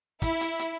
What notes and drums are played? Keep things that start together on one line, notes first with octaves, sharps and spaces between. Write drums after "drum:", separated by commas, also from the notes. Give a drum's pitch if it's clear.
E4, drum: kick, hi-hat
drum: hi-hat
drum: hi-hat